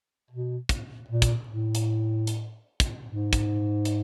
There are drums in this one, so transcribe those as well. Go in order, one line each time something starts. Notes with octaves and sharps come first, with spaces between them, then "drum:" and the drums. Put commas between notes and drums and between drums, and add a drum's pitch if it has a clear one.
B2
drum: kick, hi-hat
A#2
drum: kick, hi-hat
A2
drum: hi-hat
drum: hi-hat
drum: kick, hi-hat
G#2
drum: kick, hi-hat
drum: hi-hat